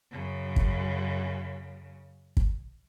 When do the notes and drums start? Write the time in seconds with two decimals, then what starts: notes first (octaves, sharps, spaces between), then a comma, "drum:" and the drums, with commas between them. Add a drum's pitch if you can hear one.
0.11 F#2 C#3
0.56 drum: kick
2.37 drum: kick